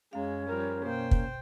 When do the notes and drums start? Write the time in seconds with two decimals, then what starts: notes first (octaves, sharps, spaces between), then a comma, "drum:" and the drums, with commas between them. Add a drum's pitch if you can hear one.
0.13 F#2 G#3 C#4 F5
0.49 F3 G3 A#4
0.85 B2 A#3 C5 G5
1.11 drum: kick